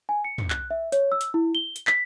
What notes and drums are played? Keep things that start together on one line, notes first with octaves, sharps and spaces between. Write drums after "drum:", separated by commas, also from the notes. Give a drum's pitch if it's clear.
G#5
C#7
drum: tom
F#6, drum: clap
E5
C#5, drum: hi-hat
E6
drum: hi-hat
E4
G7
drum: hi-hat
B6, drum: clap